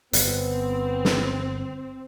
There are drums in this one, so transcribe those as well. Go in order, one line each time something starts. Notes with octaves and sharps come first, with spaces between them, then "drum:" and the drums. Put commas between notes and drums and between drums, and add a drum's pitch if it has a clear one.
G1 B3 C4, drum: hi-hat
drum: snare